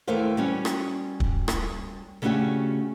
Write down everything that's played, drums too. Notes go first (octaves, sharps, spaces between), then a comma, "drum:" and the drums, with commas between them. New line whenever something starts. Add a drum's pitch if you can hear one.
D#2 E3 A3 A#4 C5 F5
G3 C#4 F#4
drum: rim click
drum: kick
drum: rim click
C#3 A3 C#4 D4 F#4 G4